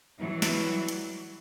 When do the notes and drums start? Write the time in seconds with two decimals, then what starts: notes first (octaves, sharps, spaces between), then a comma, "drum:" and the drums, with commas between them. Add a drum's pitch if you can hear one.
0.19 E3 F#3 G3
0.42 drum: snare
0.88 drum: hi-hat